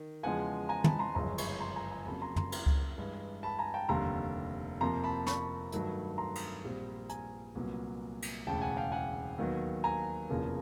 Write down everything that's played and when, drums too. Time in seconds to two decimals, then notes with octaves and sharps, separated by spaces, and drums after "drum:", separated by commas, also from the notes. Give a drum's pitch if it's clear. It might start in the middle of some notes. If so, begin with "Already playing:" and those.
Already playing: D#3
0.23 E2 C#3 F3 G#3 F#5 G#5
0.69 G#5 A#5
0.84 A5 B5, drum: tom
0.99 A#5 C6
1.15 G1 F#2 C#3 F3 G#3 A#5 C6
1.38 B5 C#6, drum: cymbal
1.60 A#5 C6
1.76 G#5 A#5
1.91 G#5 A#5
2.06 F2 C#3 F#3 A#3 A5 B5
2.21 A#5 C6
2.36 A#5 C6, drum: tom F#2
2.52 A#5 C6, drum: cymbal
2.66 drum: kick C#2
2.98 G2 E3 G#3
3.43 A5 B5
3.59 G#5 A#5
3.74 G5 A5
3.89 F1 D#2 D3 G3 A#5 C6
4.81 F2 C3 F3 A#3 A#5 C6
5.04 A5 B5
5.26 B5 C#6, drum: snare
5.72 G2 D#3 F#3 A3, drum: hi-hat
6.18 A#5 C6
6.35 drum: cymbal
6.64 A#1 A#2 G3 C4
7.10 G#5 A#5, drum: hi-hat
7.55 C2 A#2 F#3 B3
8.22 drum: cymbal
8.47 E1 D2 C#3 G5 A5
8.62 F#5 G#5
8.77 F5 G5
8.92 F#5 G#5
9.38 D#2 D#3 F#3 B3
9.84 G#5 A#5
10.30 F1 E2 C#3 F3 A#3